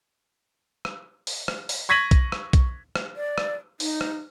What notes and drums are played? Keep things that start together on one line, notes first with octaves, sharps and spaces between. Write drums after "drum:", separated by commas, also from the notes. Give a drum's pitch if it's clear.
drum: rim click
drum: open hi-hat
drum: rim click
drum: open hi-hat
C#6 G#6 A#6 B6 D#7 F#7
drum: kick B1, hi-hat
drum: rim click
drum: kick B1, hi-hat
drum: rim click
D5
drum: rim click
D#4, drum: open hi-hat
drum: rim click